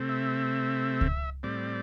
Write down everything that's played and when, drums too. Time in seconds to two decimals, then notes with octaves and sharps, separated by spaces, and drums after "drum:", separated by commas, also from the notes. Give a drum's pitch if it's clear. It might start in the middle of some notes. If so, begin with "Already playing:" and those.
Already playing: C3 A3 C4
0.09 E5
1.01 drum: kick C#2
1.43 A2 G3 C4 D5